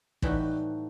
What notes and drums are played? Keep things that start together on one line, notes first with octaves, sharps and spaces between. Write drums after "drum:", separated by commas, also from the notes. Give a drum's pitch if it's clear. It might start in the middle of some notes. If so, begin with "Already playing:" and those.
A2 E3 G3 D#4 F#4, drum: kick